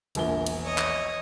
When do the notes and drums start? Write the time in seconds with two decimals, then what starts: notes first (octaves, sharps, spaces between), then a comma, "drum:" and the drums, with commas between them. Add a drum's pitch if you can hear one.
0.15 E1 A#1 G7, drum: cymbal
0.46 drum: cymbal
0.64 C#5 D#5
0.78 drum: clap